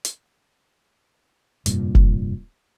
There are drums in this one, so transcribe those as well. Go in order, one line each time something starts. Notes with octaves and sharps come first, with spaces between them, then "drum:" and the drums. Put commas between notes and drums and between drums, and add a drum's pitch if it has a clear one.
drum: hi-hat
F1 G2 A#2, drum: hi-hat
drum: kick